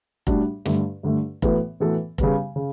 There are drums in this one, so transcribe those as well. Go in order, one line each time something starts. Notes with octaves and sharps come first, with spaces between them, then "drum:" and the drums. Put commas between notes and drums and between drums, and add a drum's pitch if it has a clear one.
A2 G3 D4 F#4, drum: kick F1
G2 D3 A3, drum: snare
G2 D3 A3
A2 E3 B3 F#4 A4, drum: kick F1
A2 E3 B3 F#4 A4
C#3 G3 B3, drum: kick F1
C#3